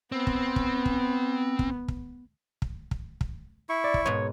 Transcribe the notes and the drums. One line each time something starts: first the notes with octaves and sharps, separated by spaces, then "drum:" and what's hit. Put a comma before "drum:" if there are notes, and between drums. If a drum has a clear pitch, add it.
B3 C4
drum: kick
drum: kick
drum: kick
drum: kick
drum: kick
drum: kick
drum: kick
drum: kick
E4 C#6
D5
drum: kick
G#2 B2 C#5